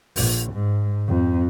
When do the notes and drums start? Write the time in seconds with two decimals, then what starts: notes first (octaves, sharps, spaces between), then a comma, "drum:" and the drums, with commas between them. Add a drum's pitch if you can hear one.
0.16 A#1, drum: open hi-hat
0.53 G#2
1.07 F2